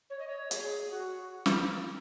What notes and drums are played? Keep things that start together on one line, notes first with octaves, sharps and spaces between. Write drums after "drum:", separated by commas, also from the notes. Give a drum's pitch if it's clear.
C#5
D#5
C#5
G#4, drum: hi-hat
F#4
drum: snare